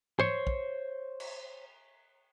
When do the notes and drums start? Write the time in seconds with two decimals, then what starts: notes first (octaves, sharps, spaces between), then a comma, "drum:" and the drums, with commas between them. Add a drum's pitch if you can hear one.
0.20 C5 C#5, drum: tom G#2
0.47 drum: kick
1.20 drum: cymbal